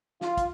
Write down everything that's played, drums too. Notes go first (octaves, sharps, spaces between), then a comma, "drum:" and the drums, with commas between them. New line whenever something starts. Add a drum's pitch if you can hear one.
F4, drum: snare
drum: kick, hi-hat